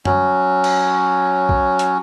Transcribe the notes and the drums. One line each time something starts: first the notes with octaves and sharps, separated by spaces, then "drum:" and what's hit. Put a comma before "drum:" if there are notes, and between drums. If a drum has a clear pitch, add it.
F#3 C#4, drum: tom F#2
drum: cymbal
drum: kick
drum: hi-hat